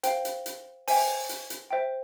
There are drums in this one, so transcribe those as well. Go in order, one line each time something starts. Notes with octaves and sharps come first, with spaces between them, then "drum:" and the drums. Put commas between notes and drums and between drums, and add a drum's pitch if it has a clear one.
C5 F5 G5, drum: hi-hat
drum: hi-hat
drum: hi-hat
C5 E5 G5 G#5, drum: open hi-hat
drum: hi-hat
drum: hi-hat
C5 E5 G5